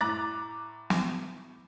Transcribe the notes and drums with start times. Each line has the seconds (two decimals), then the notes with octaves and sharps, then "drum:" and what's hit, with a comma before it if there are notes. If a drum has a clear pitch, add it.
0.01 A2 A#5 D6 F#6 A6
0.90 drum: snare